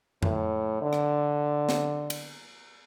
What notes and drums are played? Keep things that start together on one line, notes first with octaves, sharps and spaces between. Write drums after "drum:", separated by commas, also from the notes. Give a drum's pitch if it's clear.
A2, drum: tom F2
D3
drum: rim click
drum: snare
drum: cymbal